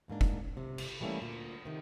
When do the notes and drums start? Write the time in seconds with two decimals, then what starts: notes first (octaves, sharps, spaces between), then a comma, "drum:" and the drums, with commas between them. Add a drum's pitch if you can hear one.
0.08 E2 G#2 A#3 D4
0.21 drum: kick
0.57 C3
0.78 drum: cymbal
1.00 E3 G3 A3 A#3 C#4 E4
1.21 D2 A#2
1.65 C3 D#3